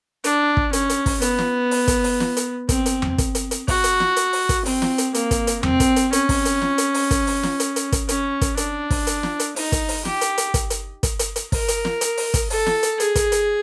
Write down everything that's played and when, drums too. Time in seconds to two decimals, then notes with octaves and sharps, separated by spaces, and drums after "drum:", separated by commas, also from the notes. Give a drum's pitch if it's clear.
0.24 D4, drum: hi-hat
0.57 drum: kick
0.73 C#4, drum: hi-hat
0.90 drum: hi-hat
1.06 drum: kick, open hi-hat
1.22 B3, drum: hi-hat
1.39 drum: snare
1.71 drum: open hi-hat
1.88 drum: kick, hi-hat
2.04 drum: open hi-hat
2.20 drum: snare
2.37 drum: hi-hat
2.69 C4, drum: kick, hi-hat
2.86 drum: hi-hat
3.02 drum: tom E2
3.18 drum: kick, hi-hat
3.35 drum: hi-hat
3.51 drum: hi-hat
3.68 F#4, drum: kick, open hi-hat
3.84 drum: hi-hat
4.00 drum: snare
4.16 drum: hi-hat
4.33 drum: open hi-hat
4.49 drum: kick, hi-hat
4.66 C4, drum: open hi-hat
4.82 drum: snare
4.98 drum: hi-hat
5.14 A#3, drum: hi-hat
5.31 drum: kick, hi-hat
5.47 drum: hi-hat
5.63 C4, drum: tom E2
5.80 drum: kick, hi-hat
5.96 drum: hi-hat
6.13 C#4, drum: hi-hat
6.29 drum: kick, open hi-hat
6.45 drum: hi-hat
6.62 drum: snare
6.78 drum: hi-hat
6.94 drum: open hi-hat
7.11 drum: kick, hi-hat
7.27 drum: open hi-hat
7.43 drum: snare
7.60 drum: hi-hat
7.76 drum: hi-hat
7.92 drum: kick, hi-hat
8.09 C#4, drum: hi-hat
8.41 drum: kick, hi-hat
8.57 D4, drum: hi-hat
8.90 drum: kick, open hi-hat
9.07 drum: hi-hat
9.23 drum: snare
9.40 drum: hi-hat
9.56 D#4, drum: open hi-hat
9.72 drum: kick, hi-hat
9.89 drum: open hi-hat
10.05 G4, drum: snare
10.21 drum: hi-hat
10.38 drum: hi-hat
10.54 drum: kick, hi-hat
10.70 drum: hi-hat
11.03 drum: kick, hi-hat
11.19 drum: hi-hat
11.36 drum: hi-hat
11.52 A#4, drum: kick, open hi-hat
11.68 drum: hi-hat
11.85 drum: snare
12.01 drum: hi-hat
12.17 drum: open hi-hat
12.34 drum: kick, hi-hat
12.50 A4, drum: open hi-hat
12.66 drum: snare
12.83 drum: hi-hat
13.00 G#4, drum: hi-hat
13.15 drum: kick, hi-hat
13.32 drum: hi-hat